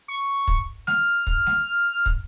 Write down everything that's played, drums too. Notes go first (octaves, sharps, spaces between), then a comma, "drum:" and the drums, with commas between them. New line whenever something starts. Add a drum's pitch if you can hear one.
C#6
drum: kick
F6, drum: snare G#3
drum: kick
drum: snare G#3
drum: kick